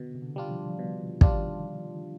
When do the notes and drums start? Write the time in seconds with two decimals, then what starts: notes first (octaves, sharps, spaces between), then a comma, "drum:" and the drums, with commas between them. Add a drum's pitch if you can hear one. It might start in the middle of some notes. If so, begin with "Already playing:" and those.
Already playing: B2 D3
0.14 C3
0.22 D3
0.36 G3 D4 F4
0.51 F3
0.70 F3
0.79 B2 G3
1.21 D#3 G3 D4 F4, drum: kick